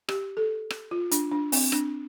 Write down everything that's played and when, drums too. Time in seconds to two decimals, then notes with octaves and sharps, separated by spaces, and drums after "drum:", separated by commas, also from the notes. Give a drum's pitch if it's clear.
0.09 G4, drum: rim click
0.37 A4
0.70 drum: rim click
0.91 F4
1.11 D4, drum: hi-hat
1.31 D4
1.52 C4, drum: open hi-hat
1.72 D4, drum: rim click